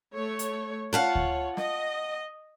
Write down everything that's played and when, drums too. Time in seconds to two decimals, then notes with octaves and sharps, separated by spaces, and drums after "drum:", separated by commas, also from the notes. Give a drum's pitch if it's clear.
0.13 A3 C#5
0.39 drum: hi-hat
0.93 F4 C#5 F5 F#5 A5
1.15 drum: kick D2
1.57 D#5, drum: snare